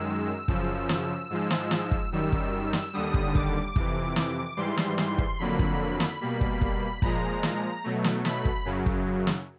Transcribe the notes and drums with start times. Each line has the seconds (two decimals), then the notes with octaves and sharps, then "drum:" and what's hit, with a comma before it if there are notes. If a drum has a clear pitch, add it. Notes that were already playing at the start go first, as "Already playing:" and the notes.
Already playing: F#2 D#3 G#3 E6
0.48 F#2 C#3 F3, drum: kick
0.89 drum: snare
1.30 G#2 F3 G#3
1.51 drum: snare
1.71 drum: snare
1.91 drum: kick
2.12 F#2 D#3 G3 E6
2.32 drum: kick
2.73 drum: snare
2.93 D#2 D3 G3 D#6
3.14 drum: kick
3.35 D6, drum: kick
3.76 F2 C3 E3, drum: kick
4.16 drum: snare
4.57 G#2 E3 G3 C6
4.77 drum: snare
4.98 C6, drum: snare
5.18 drum: kick
5.38 F2 D3 F#3 A#3 B5
5.59 drum: kick
6.00 drum: snare
6.21 B2 G3 A#3
6.41 drum: kick
6.61 drum: kick
7.02 A#2 F3 G#3 A#5, drum: kick
7.43 drum: snare
7.84 B2 F#3 A3
8.04 drum: snare
8.25 B5, drum: snare
8.45 drum: kick
8.65 F#2 C#3 F#3
8.86 drum: kick
9.27 drum: snare